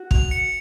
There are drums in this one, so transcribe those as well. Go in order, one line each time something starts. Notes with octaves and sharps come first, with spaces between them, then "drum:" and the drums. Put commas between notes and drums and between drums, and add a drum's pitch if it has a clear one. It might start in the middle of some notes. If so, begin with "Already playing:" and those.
Already playing: F#4
F7, drum: kick
C#7